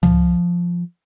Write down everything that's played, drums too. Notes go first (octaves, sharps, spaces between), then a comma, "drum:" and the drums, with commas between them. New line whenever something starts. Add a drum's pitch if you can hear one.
F3, drum: tom C#2